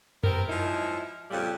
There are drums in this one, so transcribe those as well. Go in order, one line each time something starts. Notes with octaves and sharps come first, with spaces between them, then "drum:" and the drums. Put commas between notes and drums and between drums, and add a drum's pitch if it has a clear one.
C3 B3 C4 A#4, drum: tom F#2
F3 F#3 G#3 D#4 E4
F2 A#2 C#3 G3